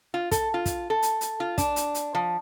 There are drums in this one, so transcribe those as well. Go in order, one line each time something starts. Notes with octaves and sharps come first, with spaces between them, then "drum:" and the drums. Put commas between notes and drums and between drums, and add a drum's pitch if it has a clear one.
F4
A4, drum: kick, hi-hat
F4
drum: kick, hi-hat
A4
drum: hi-hat
drum: hi-hat
F4
D4, drum: kick, hi-hat
drum: hi-hat
drum: hi-hat
F3